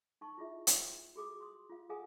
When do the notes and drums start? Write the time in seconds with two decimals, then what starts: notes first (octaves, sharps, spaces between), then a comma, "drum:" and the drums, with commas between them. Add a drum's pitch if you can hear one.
0.21 D#4 A5 C#6
0.38 E4 F4 G#4 D#5 E5
0.67 drum: hi-hat
1.16 F#4 G#4 D6 D#6
1.41 C6 D#6
1.70 F4 F5
1.89 G#4 A#4 F5 F#5 G#5 D#6